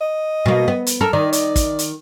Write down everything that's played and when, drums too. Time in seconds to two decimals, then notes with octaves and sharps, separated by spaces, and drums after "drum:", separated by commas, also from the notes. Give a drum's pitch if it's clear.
0.01 D#5
0.46 B2 A#3
0.68 B3
0.87 drum: hi-hat
1.01 A4 A#4
1.13 D#3 D5
1.33 D5, drum: hi-hat
1.56 drum: kick, hi-hat
1.79 drum: hi-hat